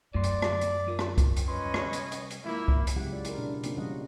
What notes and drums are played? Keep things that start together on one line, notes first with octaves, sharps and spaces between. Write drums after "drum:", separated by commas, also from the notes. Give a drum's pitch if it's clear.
F#2 A2 D5 C6
drum: hi-hat
drum: rim click
drum: hi-hat
F#3 F4 A#4
drum: rim click
drum: kick C2, hi-hat
drum: hi-hat
C2 G#2 C#4 B4 D#5 C6
drum: rim click
drum: hi-hat
drum: hi-hat
drum: hi-hat
G#2 F3 A#3 E4 E5
drum: kick C2
drum: hi-hat
C#3 F#3 G#3 E4 G4 F#5
G#3 F4 D5
E4 A#4, drum: hi-hat
B2 D4
C#3 A#3 C4 D#4 F4 F#4, drum: hi-hat
F3 G3 C#4 D#5 F#5